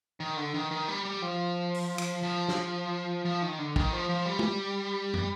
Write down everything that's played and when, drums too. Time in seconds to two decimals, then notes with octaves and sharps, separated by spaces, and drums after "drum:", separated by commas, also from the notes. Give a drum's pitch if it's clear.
0.20 D#3
0.37 D3
0.54 D#3
0.71 D#3
0.88 G3
1.05 G3
1.22 F3
1.74 drum: open hi-hat
1.98 drum: cymbal
2.23 F3
2.48 drum: snare
3.25 F3
3.42 D#3
3.59 D3
3.76 D#3, drum: kick
3.93 F3
4.09 F3
4.26 G3
4.39 drum: tom
5.14 drum: tom